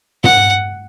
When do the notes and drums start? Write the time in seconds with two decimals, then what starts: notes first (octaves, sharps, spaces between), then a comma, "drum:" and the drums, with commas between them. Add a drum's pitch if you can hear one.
0.24 F#5, drum: tom